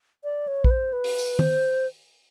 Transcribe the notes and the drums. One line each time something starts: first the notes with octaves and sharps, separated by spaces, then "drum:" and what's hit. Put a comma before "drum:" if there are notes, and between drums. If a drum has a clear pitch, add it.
D5
C#5
B4, drum: kick A#1
C5
B4
drum: open hi-hat
drum: tambourine
C5, drum: tom